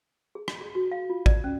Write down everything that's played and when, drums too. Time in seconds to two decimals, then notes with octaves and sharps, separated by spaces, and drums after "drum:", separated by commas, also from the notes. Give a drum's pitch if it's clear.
0.35 G#4
0.48 drum: rim click
0.61 G#4
0.75 F#4
0.92 F5
1.10 F4
1.26 D5, drum: kick A1
1.44 C#4